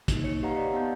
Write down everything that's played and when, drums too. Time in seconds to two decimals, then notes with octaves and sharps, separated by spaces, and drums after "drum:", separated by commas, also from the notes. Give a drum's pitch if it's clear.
0.08 A#3 D#4, drum: kick, hi-hat
0.24 C#5 C#7
0.43 G4 B4 D#5 F5 F#5 A#5
0.55 D5 D#5 F5 B6 C#7
0.73 B3 F5 A5 G6